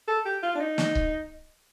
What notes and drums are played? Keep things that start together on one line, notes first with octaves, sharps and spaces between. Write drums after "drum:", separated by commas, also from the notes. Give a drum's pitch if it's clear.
A4
G4
F4
D4
D#4
drum: snare
drum: kick C#1